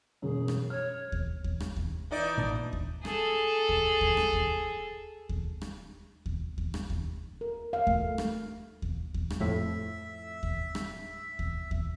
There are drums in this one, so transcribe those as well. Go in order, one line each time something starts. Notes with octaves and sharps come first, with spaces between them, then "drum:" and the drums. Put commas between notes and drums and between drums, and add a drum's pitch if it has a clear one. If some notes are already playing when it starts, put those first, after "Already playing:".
E1 F#2 G#4
drum: rim click
C#5 F6
drum: kick D#2
drum: kick D#2
drum: rim click
drum: kick D#2
E3 D#4 D5
A1 A#2 D4
drum: kick D#2
G#4 A4, drum: rim click
drum: kick D#2
drum: kick D#2
drum: rim click
drum: kick D#2
drum: kick D#2
drum: rim click
drum: kick D#2
drum: kick D#2
drum: rim click
drum: kick D#2
A#4
F5
A3, drum: kick D#2
drum: rim click
drum: kick D#2
drum: kick D#2
drum: rim click
F2 A2 E5
drum: kick D#2
drum: rim click
drum: kick D#2
drum: kick D#2